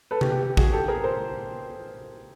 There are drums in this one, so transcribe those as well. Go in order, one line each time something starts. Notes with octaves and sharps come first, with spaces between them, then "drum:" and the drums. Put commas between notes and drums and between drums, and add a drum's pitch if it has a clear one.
A4 B4
G4, drum: tom C3
G4
G4
F#4 G#4, drum: kick G#1
G4 A4
G#4 A#4
A#4 C5